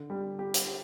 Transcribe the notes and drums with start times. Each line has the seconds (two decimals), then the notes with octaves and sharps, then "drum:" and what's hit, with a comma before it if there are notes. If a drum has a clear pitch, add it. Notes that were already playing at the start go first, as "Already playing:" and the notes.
Already playing: D3
0.10 G3
0.39 G4
0.54 drum: hi-hat
0.67 G4